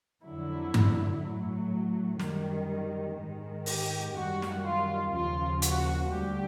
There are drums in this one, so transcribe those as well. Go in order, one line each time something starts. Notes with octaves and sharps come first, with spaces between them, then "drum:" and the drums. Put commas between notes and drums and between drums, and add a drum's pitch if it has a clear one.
F2 D3 F#3 E4
drum: tom G2
A2 F#3 A3
F#2 D#3 G3, drum: snare
G#2 D#3 G#3
G4, drum: open hi-hat
F#2 D#3 G3 F#4
drum: snare
F4
D#2 C#3 F3 F4
F#4, drum: hi-hat
D2 D3 G3 G4